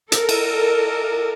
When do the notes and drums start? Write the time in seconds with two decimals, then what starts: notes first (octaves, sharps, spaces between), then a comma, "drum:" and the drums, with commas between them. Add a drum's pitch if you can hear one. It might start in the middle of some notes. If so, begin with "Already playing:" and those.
0.12 A4 A#4, drum: hi-hat
0.29 drum: cymbal